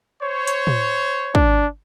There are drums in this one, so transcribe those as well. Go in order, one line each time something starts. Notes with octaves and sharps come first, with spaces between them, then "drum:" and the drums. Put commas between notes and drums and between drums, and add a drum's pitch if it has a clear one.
C5 C#5
drum: hi-hat
drum: tom A2
D4, drum: kick